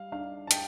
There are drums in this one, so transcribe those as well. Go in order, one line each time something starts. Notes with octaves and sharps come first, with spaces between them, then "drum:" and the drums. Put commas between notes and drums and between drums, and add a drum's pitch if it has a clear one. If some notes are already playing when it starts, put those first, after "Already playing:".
Already playing: G3 F5
D4 F5
A5
G5, drum: hi-hat